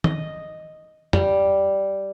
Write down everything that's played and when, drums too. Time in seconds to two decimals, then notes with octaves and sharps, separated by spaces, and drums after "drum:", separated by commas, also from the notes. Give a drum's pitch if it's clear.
0.04 D#5, drum: tom
1.13 G3, drum: tom F2